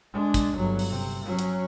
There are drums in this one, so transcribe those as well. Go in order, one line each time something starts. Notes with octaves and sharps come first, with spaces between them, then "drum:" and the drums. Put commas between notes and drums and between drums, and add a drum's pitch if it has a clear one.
G#3 D4
drum: kick, hi-hat
G1 F#3
drum: open hi-hat
C3
F#3 C#4
drum: hi-hat